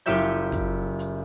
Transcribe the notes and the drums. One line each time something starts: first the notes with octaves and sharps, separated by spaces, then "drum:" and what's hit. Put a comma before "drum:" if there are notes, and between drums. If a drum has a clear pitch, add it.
F#1 F4 G4 C#5 E5 G6, drum: hi-hat
drum: kick, hi-hat
drum: hi-hat